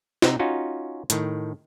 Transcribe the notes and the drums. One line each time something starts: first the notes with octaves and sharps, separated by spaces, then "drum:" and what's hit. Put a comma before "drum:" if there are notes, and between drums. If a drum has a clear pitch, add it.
C3 C4 D#4, drum: snare
C#4 D#4 F4 F#4
A2 D#3, drum: hi-hat